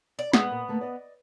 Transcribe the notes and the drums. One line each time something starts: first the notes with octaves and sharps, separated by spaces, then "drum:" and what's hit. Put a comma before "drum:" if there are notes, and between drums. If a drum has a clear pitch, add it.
D5
B2 G#3 B3 G#4, drum: snare
A#2 A#4
D3 A3 A#3
D5 D#5